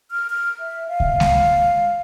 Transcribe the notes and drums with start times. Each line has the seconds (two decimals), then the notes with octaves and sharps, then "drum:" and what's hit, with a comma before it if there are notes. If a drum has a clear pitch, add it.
0.11 F6
0.30 F6
0.60 E5
0.88 F5
1.00 drum: kick C#2
1.20 drum: snare G#3